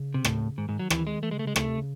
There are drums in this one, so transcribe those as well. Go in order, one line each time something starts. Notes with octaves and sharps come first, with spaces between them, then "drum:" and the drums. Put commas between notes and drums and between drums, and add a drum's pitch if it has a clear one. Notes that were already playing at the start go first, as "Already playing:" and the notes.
Already playing: C#3
C3
A2, drum: rim click
G#2 D#3
G#2
F#3
E3, drum: rim click
G#3
E3 A3
C#3 G#3
A3
C#3
G#3
C#3 A3, drum: rim click
C3
C#3